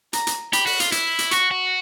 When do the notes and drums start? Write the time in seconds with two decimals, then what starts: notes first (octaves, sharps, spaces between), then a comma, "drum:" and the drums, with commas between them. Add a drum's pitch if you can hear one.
0.13 A#5, drum: hi-hat
0.27 drum: hi-hat
0.53 G4 B5, drum: hi-hat
0.66 F#4, drum: open hi-hat
0.80 F4, drum: hi-hat
0.92 E4, drum: hi-hat
1.19 drum: hi-hat
1.31 F#4 C#6, drum: hi-hat
1.51 F#4